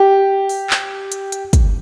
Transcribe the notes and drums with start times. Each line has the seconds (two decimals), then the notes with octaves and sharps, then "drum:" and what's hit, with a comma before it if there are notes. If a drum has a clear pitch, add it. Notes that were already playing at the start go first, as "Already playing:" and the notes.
Already playing: G4
0.49 drum: open hi-hat
0.70 drum: clap
1.12 drum: hi-hat
1.32 drum: hi-hat
1.53 drum: kick, hi-hat